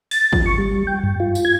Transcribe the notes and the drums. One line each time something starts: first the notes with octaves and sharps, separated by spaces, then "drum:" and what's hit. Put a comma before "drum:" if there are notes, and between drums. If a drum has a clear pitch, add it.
A6, drum: open hi-hat
F3, drum: kick
C#6
G3
G5
G2
F4
drum: tambourine
G#6